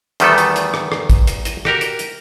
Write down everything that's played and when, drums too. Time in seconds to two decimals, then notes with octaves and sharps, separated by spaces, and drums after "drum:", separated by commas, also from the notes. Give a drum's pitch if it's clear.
0.20 E2 D#3 G3 A3 B3 A4, drum: hi-hat
0.38 drum: hi-hat
0.56 drum: hi-hat
0.74 drum: rim click
0.92 drum: rim click
1.10 drum: kick, hi-hat
1.27 drum: hi-hat
1.45 drum: hi-hat
1.65 F#4 G4 A#4, drum: rim click
1.81 drum: hi-hat
1.99 drum: hi-hat